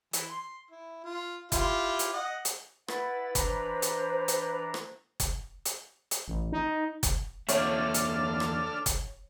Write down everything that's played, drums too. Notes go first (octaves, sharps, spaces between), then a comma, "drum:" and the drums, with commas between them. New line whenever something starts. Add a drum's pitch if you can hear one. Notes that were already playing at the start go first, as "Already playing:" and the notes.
E3, drum: hi-hat
C6
E4
F4
E4 F4 G4, drum: kick F#1, hi-hat
drum: hi-hat
D#5 F#5
drum: hi-hat
E4 B4 F#5 A6, drum: rim click
E3 D4 C5 A#5, drum: kick F#1, hi-hat
drum: hi-hat
drum: hi-hat
drum: rim click
drum: kick F#1, hi-hat
drum: hi-hat
drum: hi-hat
A1
D#4
drum: kick F#1, hi-hat
E2 A#3 D4 A4 C#5 E5 F6, drum: hi-hat
drum: hi-hat
drum: rim click
drum: kick F#1, hi-hat